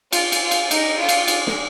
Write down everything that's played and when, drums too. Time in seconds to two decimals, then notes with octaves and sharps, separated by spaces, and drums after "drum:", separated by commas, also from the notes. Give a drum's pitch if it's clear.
0.13 F4, drum: cymbal
0.32 drum: cymbal
0.42 F4
0.51 drum: cymbal
0.71 D#4, drum: cymbal
0.99 F4
1.09 drum: cymbal
1.28 drum: cymbal
1.47 drum: snare